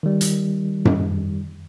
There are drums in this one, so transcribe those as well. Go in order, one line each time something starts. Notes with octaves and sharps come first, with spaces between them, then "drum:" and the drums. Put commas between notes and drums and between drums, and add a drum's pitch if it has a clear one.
D#3 G3
drum: hi-hat
drum: tom F#2